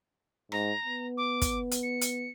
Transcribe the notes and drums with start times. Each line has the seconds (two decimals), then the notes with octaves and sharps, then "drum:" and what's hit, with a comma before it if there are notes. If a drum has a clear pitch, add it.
0.52 G#2 A#5, drum: rim click
0.85 B3
1.17 D6
1.42 drum: kick, hi-hat
1.72 drum: hi-hat
1.83 C#7
2.02 drum: hi-hat